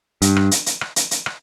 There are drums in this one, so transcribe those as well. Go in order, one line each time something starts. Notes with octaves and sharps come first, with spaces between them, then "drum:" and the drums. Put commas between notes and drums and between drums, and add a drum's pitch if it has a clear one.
G2, drum: hi-hat
drum: rim click
drum: hi-hat
drum: hi-hat
drum: rim click
drum: hi-hat
drum: hi-hat
drum: rim click